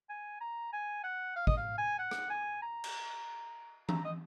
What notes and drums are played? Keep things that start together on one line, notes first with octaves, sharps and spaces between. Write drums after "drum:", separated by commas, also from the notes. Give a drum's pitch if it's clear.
G#5
A#5
G#5
F#5
F5
D#5, drum: kick
F5
G#5
F#5
drum: rim click
G#5
A#5
drum: cymbal
A#5, drum: tom E3
D#5